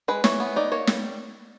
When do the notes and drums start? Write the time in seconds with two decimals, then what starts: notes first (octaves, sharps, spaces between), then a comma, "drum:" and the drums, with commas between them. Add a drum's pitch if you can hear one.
0.08 G#3 B4
0.24 E3 C#5, drum: snare
0.40 B3
0.56 D#4 D5
0.72 A#3 C#5
0.87 G3, drum: snare